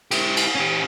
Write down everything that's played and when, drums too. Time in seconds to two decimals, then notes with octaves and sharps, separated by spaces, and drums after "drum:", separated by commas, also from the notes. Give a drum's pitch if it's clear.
0.11 E4 G4, drum: cymbal
0.37 drum: cymbal
0.55 C#4 G4